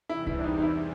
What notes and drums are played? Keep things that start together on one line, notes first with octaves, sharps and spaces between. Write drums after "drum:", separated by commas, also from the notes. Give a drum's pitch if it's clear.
E2 C3 E3 G3 E4
E4, drum: kick C2
D4
D#4
D#4
E4